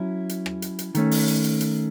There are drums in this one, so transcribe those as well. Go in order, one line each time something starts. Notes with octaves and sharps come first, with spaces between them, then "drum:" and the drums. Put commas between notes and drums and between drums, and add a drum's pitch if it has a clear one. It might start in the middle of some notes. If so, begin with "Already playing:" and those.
Already playing: F#3 C#4 E4
drum: hi-hat
drum: rim click
drum: hi-hat
drum: hi-hat
D#3 A3 C#4, drum: hi-hat
drum: open hi-hat
drum: hi-hat
drum: hi-hat
drum: hi-hat